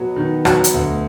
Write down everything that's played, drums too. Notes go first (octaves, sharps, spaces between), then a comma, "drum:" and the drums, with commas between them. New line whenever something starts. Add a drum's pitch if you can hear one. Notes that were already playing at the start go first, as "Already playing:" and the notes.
Already playing: B2 F#3 B3
D#3
F#3, drum: rim click
drum: hi-hat
D2